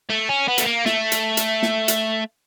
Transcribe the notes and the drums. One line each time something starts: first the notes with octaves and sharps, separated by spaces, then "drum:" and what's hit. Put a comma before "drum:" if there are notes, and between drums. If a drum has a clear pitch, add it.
A3
C#4
B3
A3, drum: hi-hat
A#3
A3, drum: snare
drum: hi-hat
drum: hi-hat
drum: snare
drum: hi-hat